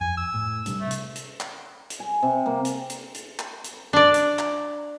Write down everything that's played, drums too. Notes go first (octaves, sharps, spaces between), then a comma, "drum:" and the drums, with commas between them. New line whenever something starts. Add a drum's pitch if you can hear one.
F2 G#5
E6
A2
C3 G3 D4, drum: hi-hat
A3
drum: hi-hat
drum: hi-hat
drum: clap
drum: hi-hat
G#5
C3
A#3
drum: hi-hat
drum: hi-hat
drum: hi-hat
drum: clap
drum: hi-hat
D4 D5
drum: hi-hat
drum: clap